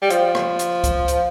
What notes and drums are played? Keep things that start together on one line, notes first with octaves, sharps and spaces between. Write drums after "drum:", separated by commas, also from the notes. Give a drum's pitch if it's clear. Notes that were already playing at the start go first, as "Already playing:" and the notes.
G3
F3, drum: hi-hat
drum: rim click
drum: hi-hat
drum: kick, hi-hat
drum: hi-hat